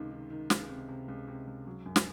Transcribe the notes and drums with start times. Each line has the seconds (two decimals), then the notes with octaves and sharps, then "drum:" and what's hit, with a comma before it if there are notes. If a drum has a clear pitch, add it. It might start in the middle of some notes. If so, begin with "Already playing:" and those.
Already playing: C#2 C3 D#3
0.11 D#3
0.30 D#3
0.50 C#2, drum: snare
0.69 C3
0.88 C3
1.08 C#2
1.28 C3
1.47 C#2
1.67 F#3
1.86 F#2
1.96 drum: snare